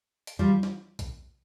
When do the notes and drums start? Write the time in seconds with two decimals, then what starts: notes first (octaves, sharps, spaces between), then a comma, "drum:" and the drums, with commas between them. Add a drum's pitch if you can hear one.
0.27 drum: hi-hat
0.39 F3 G3
0.63 drum: snare
0.99 drum: kick B1, hi-hat